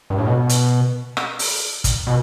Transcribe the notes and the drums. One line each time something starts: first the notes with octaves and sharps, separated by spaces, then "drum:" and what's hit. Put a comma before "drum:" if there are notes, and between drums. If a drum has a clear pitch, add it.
G2
A2
B2
drum: hi-hat
drum: rim click
drum: open hi-hat
drum: kick, hi-hat
B2